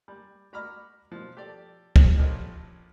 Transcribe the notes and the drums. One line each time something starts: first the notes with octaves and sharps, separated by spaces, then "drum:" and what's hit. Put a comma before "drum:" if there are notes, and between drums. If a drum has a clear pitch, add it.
G3
F#4 A#5 B5 D6 F6
B2 F3
G4 A4 D5
drum: kick
A#1 F3 C#4 G4 A4 D#5